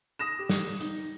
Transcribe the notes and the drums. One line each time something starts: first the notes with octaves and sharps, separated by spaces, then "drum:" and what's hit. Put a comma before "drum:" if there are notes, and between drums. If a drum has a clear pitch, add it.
D#6 A#6 E7
G4
drum: snare
D#4, drum: hi-hat